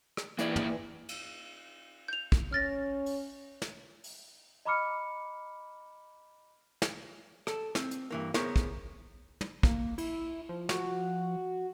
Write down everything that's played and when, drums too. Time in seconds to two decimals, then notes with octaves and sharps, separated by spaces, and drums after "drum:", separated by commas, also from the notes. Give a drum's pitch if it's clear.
0.17 drum: rim click
0.39 E3 A#3 G#4 D5, drum: hi-hat
0.56 drum: tom
1.09 drum: cymbal
2.08 G6 F7
2.32 drum: kick
2.53 C#4 F6 A6 A#6
3.06 drum: open hi-hat
3.62 drum: snare
4.04 drum: open hi-hat
4.65 D#5 A#5 B5 D6 F6 C#7
6.82 drum: snare
7.47 A4, drum: rim click
7.75 C4, drum: snare
7.91 drum: hi-hat
8.11 G2 E3 A#3
8.34 B3 G#4 A#4 C5 C#5, drum: snare
8.56 drum: kick
9.41 drum: tom
9.63 A#3, drum: kick
9.98 E4, drum: cymbal
10.49 F3
10.69 F#4, drum: snare